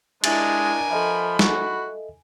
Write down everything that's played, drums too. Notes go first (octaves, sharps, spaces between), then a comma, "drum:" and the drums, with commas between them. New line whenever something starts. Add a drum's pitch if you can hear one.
G#3 D4 E4 A#4 D#5 E5 G#5 A6, drum: cymbal
F3 A4 D#5 E5 B5
F#4, drum: snare